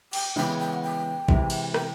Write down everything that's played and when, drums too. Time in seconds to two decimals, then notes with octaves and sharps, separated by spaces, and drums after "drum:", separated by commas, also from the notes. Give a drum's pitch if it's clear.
0.13 G5, drum: cymbal
0.36 C#3 E3 G#3 B3 G5
0.59 G5
0.74 F#5
0.83 G5
1.28 C3 E3 G#3, drum: kick A1
1.50 drum: cymbal
1.74 G5, drum: rim click